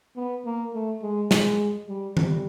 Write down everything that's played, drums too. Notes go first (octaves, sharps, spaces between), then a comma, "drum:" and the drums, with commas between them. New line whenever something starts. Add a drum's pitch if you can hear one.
B3
A#3
A3
G#3
G#3, drum: snare
G3
G3, drum: tom D#3